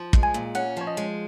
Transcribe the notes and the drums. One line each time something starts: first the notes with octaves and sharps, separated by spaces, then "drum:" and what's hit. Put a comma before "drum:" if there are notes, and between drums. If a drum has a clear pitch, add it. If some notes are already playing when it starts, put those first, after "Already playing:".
Already playing: F3
G#3, drum: kick
G#5
A#2
C#4 F#5
F3 C#5
D#5
G#3